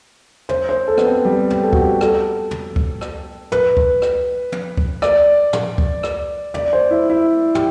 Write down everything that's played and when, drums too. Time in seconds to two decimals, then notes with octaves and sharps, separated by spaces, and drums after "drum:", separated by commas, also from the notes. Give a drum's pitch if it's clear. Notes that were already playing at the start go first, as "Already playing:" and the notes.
0.49 C5, drum: tom
0.69 C5
0.88 A4
0.98 B3, drum: rim click
1.07 C4
1.25 G3
1.50 drum: tom
1.63 A4
1.73 F#4, drum: kick C#2
1.81 G4
2.01 A4, drum: rim click
2.51 drum: tom
2.76 drum: kick C#2
3.01 drum: rim click
3.52 B4, drum: tom
3.77 drum: kick C#2
4.02 drum: rim click
4.52 drum: tom
4.77 drum: kick C#2
5.02 D5, drum: rim click
5.53 drum: tom
5.78 drum: kick C#2
6.03 drum: rim click
6.54 D5, drum: tom
6.73 C5
6.91 E4
7.10 E4
7.55 G4, drum: tom